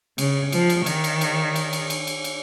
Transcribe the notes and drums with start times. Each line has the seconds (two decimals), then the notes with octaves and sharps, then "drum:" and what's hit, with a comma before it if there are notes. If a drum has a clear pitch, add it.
0.18 C#3, drum: cymbal
0.52 F3, drum: cymbal
0.70 drum: cymbal
0.86 D#3, drum: cymbal
1.04 drum: cymbal
1.21 drum: cymbal
1.56 drum: cymbal
1.73 drum: cymbal
1.90 drum: cymbal
2.07 drum: cymbal
2.24 drum: cymbal